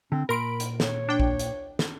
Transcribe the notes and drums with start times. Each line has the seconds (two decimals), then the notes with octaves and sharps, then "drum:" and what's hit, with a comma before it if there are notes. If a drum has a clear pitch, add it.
0.12 D3 C4
0.29 A#2 A#4 B5 C6 D7
0.60 drum: hi-hat
0.80 C#5, drum: snare
1.09 D4 G5
1.20 drum: kick A#1
1.39 drum: hi-hat
1.79 drum: snare